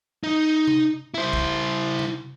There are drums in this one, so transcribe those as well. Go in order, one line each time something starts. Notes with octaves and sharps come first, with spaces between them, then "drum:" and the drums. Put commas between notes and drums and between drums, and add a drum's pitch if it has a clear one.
D#4
drum: tom C3
E4 C5
drum: kick
drum: tom C3